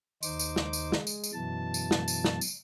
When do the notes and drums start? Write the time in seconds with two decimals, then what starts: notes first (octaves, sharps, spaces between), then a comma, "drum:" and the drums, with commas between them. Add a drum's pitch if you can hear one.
0.23 D#2 D#4 C5 D6, drum: tambourine
0.39 drum: tambourine
0.56 drum: snare
0.73 drum: tambourine
0.92 G#3, drum: snare
1.07 drum: tambourine
1.24 drum: tambourine
1.33 F#2 B2 E3 A5
1.74 drum: tambourine
1.91 drum: snare
2.08 drum: tambourine
2.25 drum: snare
2.41 drum: tambourine